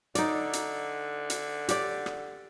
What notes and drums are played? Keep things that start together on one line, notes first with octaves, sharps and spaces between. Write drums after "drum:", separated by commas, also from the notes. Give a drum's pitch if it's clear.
D3 D#4 D5, drum: hi-hat
drum: hi-hat
drum: hi-hat
G4 D5, drum: hi-hat
drum: rim click